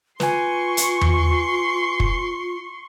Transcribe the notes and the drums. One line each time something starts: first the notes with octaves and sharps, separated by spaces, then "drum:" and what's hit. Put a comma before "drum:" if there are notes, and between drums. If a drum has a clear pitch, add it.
F4 B4 G#5 C6 C#6, drum: snare
drum: hi-hat
drum: tom E2
drum: kick